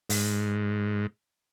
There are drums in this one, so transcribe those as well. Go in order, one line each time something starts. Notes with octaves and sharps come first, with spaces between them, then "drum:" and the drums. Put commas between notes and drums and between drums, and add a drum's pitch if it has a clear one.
G#2, drum: open hi-hat